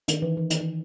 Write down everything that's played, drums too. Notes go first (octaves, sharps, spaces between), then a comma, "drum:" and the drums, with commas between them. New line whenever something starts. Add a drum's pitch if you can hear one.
D#3, drum: hi-hat
E3
E3
D#3, drum: hi-hat
E3